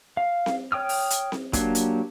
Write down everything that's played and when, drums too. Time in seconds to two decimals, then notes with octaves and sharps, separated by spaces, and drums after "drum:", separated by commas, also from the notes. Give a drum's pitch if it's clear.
0.17 F5
0.46 drum: snare C4
0.72 C#5 G5 D#6 F6
0.89 drum: open hi-hat
1.10 drum: hi-hat
1.32 drum: snare C4
1.53 F#3 A#3 D4 G4 C#5, drum: kick, hi-hat
1.75 drum: hi-hat